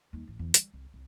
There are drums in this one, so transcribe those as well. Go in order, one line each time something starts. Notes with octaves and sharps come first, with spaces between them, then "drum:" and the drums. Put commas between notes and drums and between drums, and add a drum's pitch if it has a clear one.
D#2 G3
A1
E2 D3
G3, drum: hi-hat
C2
C2